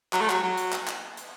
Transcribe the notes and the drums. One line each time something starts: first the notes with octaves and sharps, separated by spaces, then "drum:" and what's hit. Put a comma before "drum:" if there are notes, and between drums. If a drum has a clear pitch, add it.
F#3, drum: clap
A3
F#3, drum: clap
F#3
drum: hi-hat
drum: clap
drum: clap
drum: hi-hat